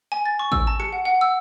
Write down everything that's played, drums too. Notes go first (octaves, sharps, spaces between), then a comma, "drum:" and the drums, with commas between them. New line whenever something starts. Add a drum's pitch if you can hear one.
G#5
A6
C#6
E6, drum: kick A1
A5
C#7, drum: rim click
F#5
F#5
E6